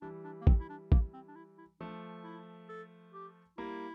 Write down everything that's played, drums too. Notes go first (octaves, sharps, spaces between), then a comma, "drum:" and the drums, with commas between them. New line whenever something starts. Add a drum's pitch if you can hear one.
E3 G3 D4
D4
A#3
C4, drum: kick
E4
D4
A#3, drum: kick
C4
D4
E4
E4
F3 A3 D4
E4
A4
G4
G3 A#3 E4